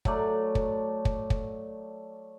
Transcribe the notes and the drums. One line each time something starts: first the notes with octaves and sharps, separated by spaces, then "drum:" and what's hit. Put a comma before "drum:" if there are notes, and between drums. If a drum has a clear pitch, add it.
F#3 A3 D5, drum: kick
drum: kick
drum: kick
drum: kick